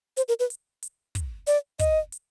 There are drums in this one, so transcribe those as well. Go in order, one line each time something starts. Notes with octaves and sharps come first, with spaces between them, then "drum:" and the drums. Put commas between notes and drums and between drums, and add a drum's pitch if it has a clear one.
C5, drum: hi-hat
A#4
B4
drum: hi-hat
drum: hi-hat
drum: kick, hi-hat
D5, drum: hi-hat
D#5, drum: kick, hi-hat
drum: hi-hat